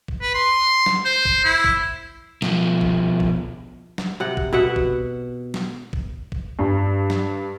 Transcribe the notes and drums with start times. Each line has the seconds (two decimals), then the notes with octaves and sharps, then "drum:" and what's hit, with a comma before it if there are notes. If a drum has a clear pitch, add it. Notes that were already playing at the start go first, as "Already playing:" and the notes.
0.08 drum: kick
0.22 B4
0.35 C6
0.86 drum: snare
1.05 C5
1.25 drum: kick
1.44 E4
1.64 drum: kick
2.42 B2 F3, drum: snare
2.81 drum: kick
3.20 drum: kick
3.98 drum: snare
4.20 C3 F#5
4.37 drum: kick
4.53 B2 E5 F#5
4.76 drum: kick
5.54 drum: snare
5.93 drum: kick
6.32 drum: kick
6.59 G2
7.10 drum: snare